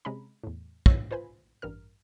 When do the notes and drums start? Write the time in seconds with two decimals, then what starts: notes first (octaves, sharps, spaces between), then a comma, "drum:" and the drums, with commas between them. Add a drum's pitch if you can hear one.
0.05 C3 G#3 C#4 A#5 B5
0.43 E2 A2
0.86 C#5 E6, drum: kick
1.11 F4 B4 C5 G#5 B5
1.62 A1 G2 A#4 F6